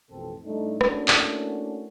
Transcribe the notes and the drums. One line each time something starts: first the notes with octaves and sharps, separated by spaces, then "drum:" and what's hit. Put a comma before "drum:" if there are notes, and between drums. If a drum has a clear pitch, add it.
A1 F2 B2 C4 A4
A2 G3 A3 D4 D#4
A3 A#3 C#4 D4 E4 F#4, drum: rim click
drum: clap